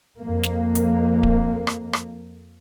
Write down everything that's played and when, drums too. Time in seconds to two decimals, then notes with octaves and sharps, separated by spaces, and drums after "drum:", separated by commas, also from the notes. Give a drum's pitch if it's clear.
0.20 F2 A#3
0.43 drum: snare
0.75 drum: hi-hat
1.23 drum: kick D1
1.67 drum: rim click
1.93 drum: rim click